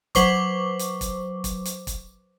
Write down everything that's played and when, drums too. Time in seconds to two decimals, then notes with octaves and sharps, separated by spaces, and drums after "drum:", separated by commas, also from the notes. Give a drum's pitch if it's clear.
0.15 F#3 B4 C5 C#6 D6, drum: kick, hi-hat
0.79 drum: hi-hat
1.01 drum: kick, hi-hat
1.44 drum: kick, hi-hat
1.65 drum: hi-hat
1.87 drum: kick, hi-hat